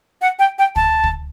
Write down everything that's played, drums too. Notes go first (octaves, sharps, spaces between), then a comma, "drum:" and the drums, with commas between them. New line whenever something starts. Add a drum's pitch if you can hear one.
F#5
G5
G5
A5, drum: kick
drum: kick